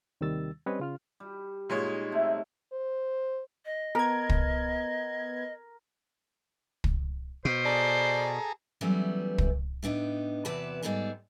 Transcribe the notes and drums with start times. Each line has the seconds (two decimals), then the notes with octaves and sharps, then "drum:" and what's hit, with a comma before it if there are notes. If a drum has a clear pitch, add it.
0.21 D#2 C3 D#3 G3 E6 A6
0.66 G3 C4 C#4 B4 C#5 D#5
0.80 C#3 F4 F6
1.20 G3
1.69 A#2 G#3 D#4 C#5
2.12 C3 A3 C4
2.73 C5
3.66 D#5
3.95 B3 A#4 G#6
4.29 drum: kick
6.84 drum: kick
7.45 B2 C5
7.65 G#4 A4 D5 A#5
8.81 E3 F#3 G3 A3 B3 C#4
9.38 drum: kick
9.83 A2 B3 D4 D#4
10.45 E2 C3 F#4 B4 D5 A5
10.83 G#2 C3 G3 B3 G#4 A4